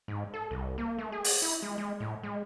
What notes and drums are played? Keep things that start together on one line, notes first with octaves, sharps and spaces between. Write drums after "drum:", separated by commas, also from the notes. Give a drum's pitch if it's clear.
G#2
A4
C2
A#3
A3
G#4
drum: open hi-hat
E4
G#3
G#3
A2
G#3